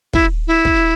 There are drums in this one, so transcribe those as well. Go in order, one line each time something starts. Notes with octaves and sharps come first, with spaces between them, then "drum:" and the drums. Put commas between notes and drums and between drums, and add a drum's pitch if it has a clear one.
E4, drum: kick
E4
drum: kick